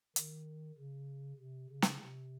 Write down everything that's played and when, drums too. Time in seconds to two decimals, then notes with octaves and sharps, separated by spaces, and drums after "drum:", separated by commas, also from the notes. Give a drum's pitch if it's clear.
0.16 D#3, drum: hi-hat
0.78 C#3
1.39 C3
1.70 C#3
1.82 drum: snare
2.00 C3